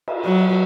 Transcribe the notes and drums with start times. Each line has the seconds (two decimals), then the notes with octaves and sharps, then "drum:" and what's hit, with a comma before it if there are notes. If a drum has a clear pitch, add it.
0.08 drum: cymbal
0.25 F#3